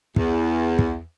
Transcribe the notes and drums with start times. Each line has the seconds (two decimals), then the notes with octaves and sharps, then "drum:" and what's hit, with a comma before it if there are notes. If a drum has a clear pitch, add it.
0.16 E2, drum: kick
0.79 drum: kick